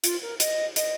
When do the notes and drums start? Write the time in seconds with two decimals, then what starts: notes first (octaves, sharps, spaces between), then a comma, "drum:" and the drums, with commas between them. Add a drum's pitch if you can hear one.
0.04 F4, drum: hi-hat
0.22 A#4
0.40 D#5, drum: hi-hat
0.76 D#5, drum: hi-hat